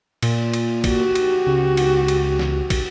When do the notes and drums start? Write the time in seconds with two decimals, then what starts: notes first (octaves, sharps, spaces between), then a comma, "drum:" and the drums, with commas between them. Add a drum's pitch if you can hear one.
0.23 A#2, drum: cymbal
0.53 drum: cymbal
0.84 F#4 G4, drum: kick, cymbal
1.15 drum: cymbal
1.47 C#2
1.77 drum: cymbal
2.08 drum: cymbal
2.39 drum: snare
2.70 drum: kick, cymbal